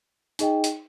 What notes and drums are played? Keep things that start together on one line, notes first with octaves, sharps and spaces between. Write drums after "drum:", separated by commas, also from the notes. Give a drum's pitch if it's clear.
D#4 G#4 D#5 G5, drum: hi-hat
drum: hi-hat